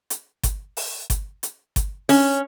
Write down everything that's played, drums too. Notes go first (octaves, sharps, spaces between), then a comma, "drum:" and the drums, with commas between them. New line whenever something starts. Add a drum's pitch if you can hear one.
drum: hi-hat
drum: kick G1, hi-hat
drum: open hi-hat
drum: kick G1, hi-hat
drum: hi-hat
drum: kick G1, hi-hat
C#4, drum: open hi-hat